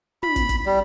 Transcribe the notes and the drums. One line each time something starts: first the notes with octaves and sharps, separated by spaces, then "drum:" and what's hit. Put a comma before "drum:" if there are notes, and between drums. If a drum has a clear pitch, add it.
B5, drum: tom
drum: kick, hi-hat
drum: kick, hi-hat
G3